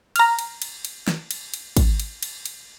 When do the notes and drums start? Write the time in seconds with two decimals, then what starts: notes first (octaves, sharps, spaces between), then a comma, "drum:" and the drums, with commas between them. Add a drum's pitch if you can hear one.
0.16 A#5 F6, drum: cymbal
0.39 drum: cymbal
0.62 drum: cymbal
0.85 drum: cymbal
1.08 drum: snare
1.31 drum: cymbal
1.54 drum: cymbal
1.77 drum: kick, cymbal
2.00 drum: cymbal
2.23 drum: cymbal
2.46 drum: cymbal